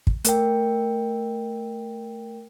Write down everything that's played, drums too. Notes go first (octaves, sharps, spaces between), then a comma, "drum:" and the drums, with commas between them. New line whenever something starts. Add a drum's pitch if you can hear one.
drum: kick
A3 A#4 G5, drum: hi-hat